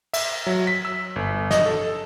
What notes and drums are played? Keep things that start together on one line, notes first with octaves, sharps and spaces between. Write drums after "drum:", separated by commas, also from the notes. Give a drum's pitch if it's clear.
E5, drum: cymbal
F#3
B6
E6
G1
D#5, drum: snare
A4